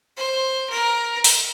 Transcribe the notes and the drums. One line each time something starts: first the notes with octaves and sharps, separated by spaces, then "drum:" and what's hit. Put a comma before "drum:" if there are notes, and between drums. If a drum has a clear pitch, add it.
C5
A#4
drum: open hi-hat